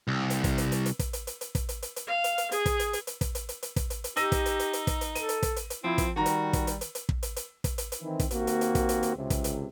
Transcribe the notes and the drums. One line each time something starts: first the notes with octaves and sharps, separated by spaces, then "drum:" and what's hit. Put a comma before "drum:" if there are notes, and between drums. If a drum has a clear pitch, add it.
C2
drum: hi-hat
drum: kick, hi-hat
drum: hi-hat
drum: hi-hat
drum: hi-hat
drum: kick, hi-hat
drum: hi-hat
drum: hi-hat
drum: hi-hat
drum: kick, hi-hat
drum: hi-hat
drum: hi-hat
drum: hi-hat
F5
drum: hi-hat
drum: hi-hat
G#4, drum: hi-hat
drum: kick, hi-hat
drum: hi-hat
drum: hi-hat
drum: hi-hat
drum: kick, hi-hat
drum: hi-hat
drum: hi-hat
drum: hi-hat
drum: kick, hi-hat
drum: hi-hat
drum: hi-hat
D#4 G4 E6 A#6 D#7, drum: hi-hat
drum: kick, hi-hat
drum: hi-hat
drum: hi-hat
drum: hi-hat
drum: kick, hi-hat
drum: hi-hat
A4 D#7, drum: hi-hat
drum: hi-hat
drum: kick, hi-hat
drum: hi-hat
drum: hi-hat
F3 C4 E4
drum: kick, hi-hat
D#3 G3 F#4 A#5
drum: hi-hat
drum: kick, hi-hat
drum: hi-hat
drum: hi-hat
drum: hi-hat
drum: kick
drum: hi-hat
drum: hi-hat
drum: kick, hi-hat
drum: hi-hat
drum: hi-hat
D#3 E3 C4 E4
drum: kick, hi-hat
D#2 A#3 C4 F#4, drum: hi-hat
drum: hi-hat
drum: hi-hat
drum: kick, hi-hat
drum: hi-hat
drum: hi-hat
C#2 C3
drum: kick, hi-hat
drum: hi-hat